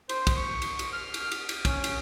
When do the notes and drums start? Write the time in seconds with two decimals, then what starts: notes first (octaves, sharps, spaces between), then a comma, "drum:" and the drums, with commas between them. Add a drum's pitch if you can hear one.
0.09 C5, drum: cymbal
0.27 drum: kick, cymbal
0.36 C#6
0.62 drum: cymbal
0.79 drum: cymbal
0.93 F6
1.14 drum: cymbal
1.31 drum: cymbal
1.49 drum: cymbal
1.65 C#4, drum: kick, cymbal
1.84 drum: cymbal